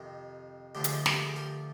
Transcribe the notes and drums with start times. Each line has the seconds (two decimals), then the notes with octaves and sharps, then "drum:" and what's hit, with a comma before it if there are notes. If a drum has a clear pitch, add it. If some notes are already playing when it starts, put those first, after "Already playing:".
Already playing: F2 C3 D#3
0.75 D2 D3 F3 G4
0.84 G#4, drum: hi-hat
0.93 D#4 G4
1.06 G4 A#4, drum: snare
1.25 G#4
1.36 G4 A#4